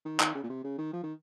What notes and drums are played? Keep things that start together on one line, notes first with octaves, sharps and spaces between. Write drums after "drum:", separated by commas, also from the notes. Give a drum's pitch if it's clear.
D#3
D#3, drum: clap
C#3
A#2
C3
C#3
D#3
F3
D#3